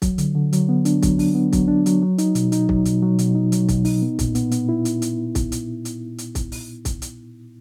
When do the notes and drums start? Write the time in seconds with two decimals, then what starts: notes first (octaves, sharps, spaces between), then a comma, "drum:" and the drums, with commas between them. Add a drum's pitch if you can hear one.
0.02 F#3, drum: kick, hi-hat
0.18 D3, drum: hi-hat
0.35 D3
0.53 F#3, drum: hi-hat
0.69 B3
0.85 D4, drum: hi-hat
1.02 F#3, drum: kick, hi-hat
1.19 D4, drum: open hi-hat
1.35 B3
1.53 F#3, drum: kick, hi-hat
1.68 D4
1.86 F#3, drum: hi-hat
2.02 F#3
2.18 D#4, drum: hi-hat
2.35 B2, drum: hi-hat
2.52 D#4, drum: hi-hat
2.69 F#3, drum: kick
2.85 B2, drum: hi-hat
3.02 F#3
3.19 B2, drum: hi-hat
3.35 D#4
3.52 F#3, drum: hi-hat
3.69 B2, drum: kick, hi-hat
3.85 D#4, drum: open hi-hat
4.02 B3
4.19 A#2, drum: kick, hi-hat
4.35 B3, drum: hi-hat
4.51 B3, drum: hi-hat
4.69 E4
4.85 drum: hi-hat
5.02 drum: hi-hat
5.35 drum: kick, hi-hat
5.52 drum: hi-hat
5.85 drum: hi-hat
6.18 drum: hi-hat
6.35 drum: kick, hi-hat
6.52 drum: open hi-hat
6.85 drum: kick, hi-hat
7.02 drum: hi-hat